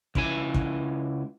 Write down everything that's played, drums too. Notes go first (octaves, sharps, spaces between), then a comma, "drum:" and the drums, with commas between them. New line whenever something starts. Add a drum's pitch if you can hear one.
C#2 E4 G#5, drum: kick
drum: kick